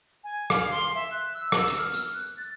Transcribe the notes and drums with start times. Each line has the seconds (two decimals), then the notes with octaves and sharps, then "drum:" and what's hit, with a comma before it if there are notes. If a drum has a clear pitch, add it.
0.24 G#5
0.50 F5, drum: rim click
0.71 C6
0.95 E5
1.11 F#6
1.34 E6
1.52 E6, drum: rim click
1.68 drum: hi-hat
1.78 F6
1.94 drum: hi-hat
2.14 F#6
2.37 A6